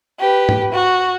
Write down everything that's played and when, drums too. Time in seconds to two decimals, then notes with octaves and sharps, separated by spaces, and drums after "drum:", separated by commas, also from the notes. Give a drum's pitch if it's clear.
0.20 G4 B4
0.49 drum: tom G#2
0.72 F#4